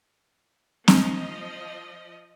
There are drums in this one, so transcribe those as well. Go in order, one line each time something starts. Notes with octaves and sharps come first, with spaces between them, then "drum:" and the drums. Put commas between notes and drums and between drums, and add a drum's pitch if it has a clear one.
F3 D#5, drum: snare